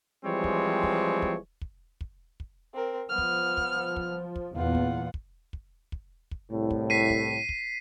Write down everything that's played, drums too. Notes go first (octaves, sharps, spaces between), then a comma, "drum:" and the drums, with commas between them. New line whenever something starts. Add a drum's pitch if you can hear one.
E3 F3 G3 G#3 C4 C#5
drum: kick
drum: kick
drum: kick
drum: kick
drum: kick
drum: kick
C4 A#4
F3 B3 F6
drum: kick
drum: kick
drum: kick
drum: kick
E2 A#2 B3 F4 F#5
drum: kick
drum: kick
drum: kick
drum: kick
drum: kick
C2 A2
drum: kick
B6 C7 D#7
drum: kick
drum: kick